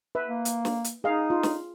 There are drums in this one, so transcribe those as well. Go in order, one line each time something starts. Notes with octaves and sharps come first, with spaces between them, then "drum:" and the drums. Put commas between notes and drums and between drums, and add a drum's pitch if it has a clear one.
B4 E5
A#3
drum: hi-hat
drum: snare
drum: hi-hat
D#4 G#4 D#5 F5
F4
drum: snare